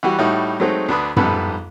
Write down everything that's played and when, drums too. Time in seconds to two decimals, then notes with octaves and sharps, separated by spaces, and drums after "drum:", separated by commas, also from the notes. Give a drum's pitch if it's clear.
0.03 E3 G3 F#4 G4
0.18 A2 G3 D#4 E4 F#4
0.60 F#3 G#3 A3 C4 D#4
0.88 D2 D4 B4 D#6
1.16 A#1 G#2 G3 B3 A4 B4, drum: tom F#2